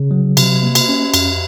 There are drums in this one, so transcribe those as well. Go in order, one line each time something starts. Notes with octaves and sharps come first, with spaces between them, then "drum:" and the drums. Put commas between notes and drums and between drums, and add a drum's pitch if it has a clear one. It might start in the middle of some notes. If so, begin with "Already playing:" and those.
Already playing: C#3
F#3
C3, drum: cymbal
A#3
drum: cymbal
C#4
F2, drum: cymbal